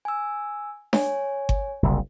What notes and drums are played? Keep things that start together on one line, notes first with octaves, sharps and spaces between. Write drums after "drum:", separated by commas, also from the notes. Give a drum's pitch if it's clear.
G#5 E6
C#5 G#5, drum: snare D4
drum: kick G1
F#1 C2